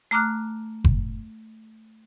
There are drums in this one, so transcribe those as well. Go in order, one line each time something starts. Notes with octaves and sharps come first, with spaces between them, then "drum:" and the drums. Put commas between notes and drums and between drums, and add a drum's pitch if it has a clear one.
A3 A#5 D6 F6 F#6
drum: kick F#1